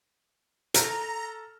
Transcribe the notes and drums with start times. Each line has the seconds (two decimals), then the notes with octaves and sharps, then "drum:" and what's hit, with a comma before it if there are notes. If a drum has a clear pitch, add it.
0.74 A4 A#5 F6, drum: hi-hat